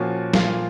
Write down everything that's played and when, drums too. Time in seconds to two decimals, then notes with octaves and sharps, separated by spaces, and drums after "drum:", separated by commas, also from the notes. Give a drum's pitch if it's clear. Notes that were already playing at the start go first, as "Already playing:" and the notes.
Already playing: A#2 F3 A#3 C#4 F#4
0.34 A#2 F3 A#3 F4, drum: snare